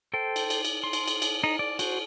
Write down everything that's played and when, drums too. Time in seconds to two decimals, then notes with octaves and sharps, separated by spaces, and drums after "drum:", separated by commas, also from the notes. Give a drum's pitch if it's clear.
0.14 A4 C5 G5
0.36 drum: cymbal
0.50 drum: cymbal
0.65 drum: cymbal
0.83 C6
0.93 drum: cymbal
1.08 drum: cymbal
1.22 drum: cymbal
1.44 D#4
1.59 D5
1.79 F#4 C5, drum: cymbal